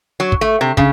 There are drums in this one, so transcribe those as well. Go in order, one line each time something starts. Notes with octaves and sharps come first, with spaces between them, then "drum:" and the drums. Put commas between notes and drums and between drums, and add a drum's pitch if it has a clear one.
F#3
drum: kick
A3
C3
C#3, drum: kick